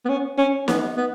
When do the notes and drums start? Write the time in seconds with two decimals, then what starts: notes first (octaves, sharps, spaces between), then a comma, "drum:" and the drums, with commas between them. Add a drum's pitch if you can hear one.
0.05 B3
0.09 C#4
0.38 C#4
0.68 B3, drum: snare
0.97 B3